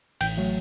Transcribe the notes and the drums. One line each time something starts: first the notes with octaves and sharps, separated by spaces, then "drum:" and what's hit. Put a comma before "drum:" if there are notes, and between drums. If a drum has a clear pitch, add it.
A1 G5 G6, drum: cymbal
F#3 A3